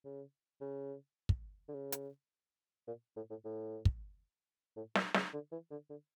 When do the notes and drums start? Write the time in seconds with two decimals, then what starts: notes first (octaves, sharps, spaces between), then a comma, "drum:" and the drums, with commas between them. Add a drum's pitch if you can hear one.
0.05 C#3
0.61 C#3
1.29 drum: kick
1.68 D3
1.74 C#3
1.92 drum: hi-hat
2.88 A#2
3.16 A2
3.30 A2
3.45 A2
3.85 drum: kick
4.76 A2
4.95 A#2, drum: snare
5.14 C#3, drum: snare
5.33 D3
5.52 E3
5.71 D3
5.90 D3